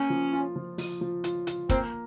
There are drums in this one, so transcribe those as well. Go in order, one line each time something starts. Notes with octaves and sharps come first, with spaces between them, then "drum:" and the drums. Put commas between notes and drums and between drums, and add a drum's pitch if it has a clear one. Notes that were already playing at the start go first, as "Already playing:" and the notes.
Already playing: A#3 C#4
F3
F4
F3
F3, drum: open hi-hat
F3
F4, drum: hi-hat
F4, drum: hi-hat
A#3 C4, drum: kick, hi-hat